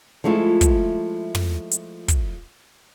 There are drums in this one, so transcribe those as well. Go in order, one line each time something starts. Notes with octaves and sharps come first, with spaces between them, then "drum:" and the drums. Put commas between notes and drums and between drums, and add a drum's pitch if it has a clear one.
F3 G#3 A3 E4 F4
drum: kick, hi-hat
drum: tom
drum: hi-hat
drum: kick, hi-hat